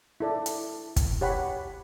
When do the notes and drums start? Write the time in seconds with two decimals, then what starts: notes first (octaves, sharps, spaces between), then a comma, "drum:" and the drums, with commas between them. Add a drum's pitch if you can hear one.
0.20 E4 A4 D5
0.46 drum: hi-hat
0.96 drum: kick, hi-hat
1.21 G4 C#5 F#5 B5